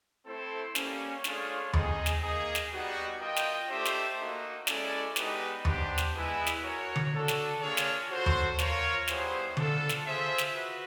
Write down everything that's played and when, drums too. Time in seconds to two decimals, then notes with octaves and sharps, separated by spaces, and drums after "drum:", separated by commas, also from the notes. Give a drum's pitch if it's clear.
0.26 A3 C4 E4 A4 C5
0.75 G3 A#3 C#4, drum: snare
1.24 A3 D4 F4 G#4 C#5, drum: snare
1.73 C4 D#4 G#4, drum: tom D#2
2.06 drum: snare
2.22 A#3 D#4 G#4
2.55 drum: snare
2.71 G3 B3 D#4 F#4
3.20 F4 A#4 D#5 G5
3.36 drum: snare
3.69 A3 D4 G4 C5 E5
3.85 drum: snare
4.18 A#3 D#4 F#4
4.67 G#3 C#4 E4 A4 D5, drum: snare
5.16 G#3 B3 D#4 G4 B4, drum: snare
5.65 B3 D4 G4 C5, drum: tom D#2
5.98 drum: snare
6.13 G#3 B3 E4 G#4 B4
6.47 drum: snare
6.63 F#4 A#4 C#5
6.96 drum: tom D3
7.12 D4 F#4 A4
7.28 drum: snare
7.61 A#3 D4 F4 G#4 C#5
7.77 drum: snare
8.10 F#4 A4 C5
8.26 drum: tom D#2
8.59 F4 A#4 C#5, drum: snare
9.08 G3 B3 E4 G#4 C5, drum: snare
9.57 B3 D4 F4 A4, drum: tom D3
9.89 drum: snare
10.06 F4 G#4 C5 E5
10.38 drum: snare
10.55 F#4 B4